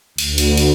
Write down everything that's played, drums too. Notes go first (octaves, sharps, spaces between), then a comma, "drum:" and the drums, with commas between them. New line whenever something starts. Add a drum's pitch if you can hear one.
D2, drum: cymbal
drum: cymbal
drum: cymbal